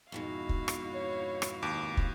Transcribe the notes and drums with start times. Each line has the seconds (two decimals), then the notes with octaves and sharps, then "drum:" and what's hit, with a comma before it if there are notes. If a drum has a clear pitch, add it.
0.12 F2 G#2 B2 E4 F#4 F5
0.49 drum: kick
0.68 drum: rim click
0.94 C#5
1.42 drum: rim click
1.63 D#2 D6
1.97 drum: kick